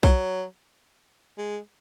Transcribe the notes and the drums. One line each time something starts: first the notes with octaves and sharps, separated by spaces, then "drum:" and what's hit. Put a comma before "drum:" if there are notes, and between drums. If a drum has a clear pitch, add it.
F#3, drum: kick B1
G#3